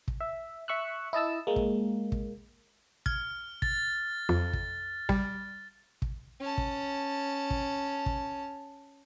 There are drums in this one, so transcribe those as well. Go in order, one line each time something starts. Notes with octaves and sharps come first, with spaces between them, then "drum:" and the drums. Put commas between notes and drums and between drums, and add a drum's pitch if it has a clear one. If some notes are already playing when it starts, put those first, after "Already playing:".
drum: kick
E5
E5 C#6 E6 F#6
E4 D#5 A5 E6
G#3 A#3
drum: kick
drum: kick
F6 G#6, drum: kick
A6, drum: kick
F2
drum: kick
G3, drum: kick
drum: kick
C#4 A5
drum: kick
drum: kick
drum: kick